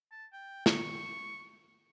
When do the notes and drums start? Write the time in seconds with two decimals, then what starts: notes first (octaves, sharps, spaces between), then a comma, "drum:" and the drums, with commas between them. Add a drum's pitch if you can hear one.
0.11 A5
0.33 G5
0.66 C#6, drum: snare